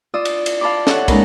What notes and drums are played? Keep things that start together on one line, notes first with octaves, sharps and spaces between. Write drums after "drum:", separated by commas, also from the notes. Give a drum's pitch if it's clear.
F4 D5 D#6 E6
drum: cymbal
drum: cymbal
F5 A5 B5 D6
A4 C#5 E5 F#5, drum: snare
A#2 G#3 C#4 D#4 A#4 B5, drum: kick, cymbal